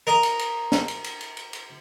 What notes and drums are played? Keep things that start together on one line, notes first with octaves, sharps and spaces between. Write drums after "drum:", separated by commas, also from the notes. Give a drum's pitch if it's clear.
A#4 D#5 A#5
drum: cymbal
drum: cymbal
drum: snare
drum: cymbal
drum: cymbal
drum: cymbal
drum: cymbal
drum: cymbal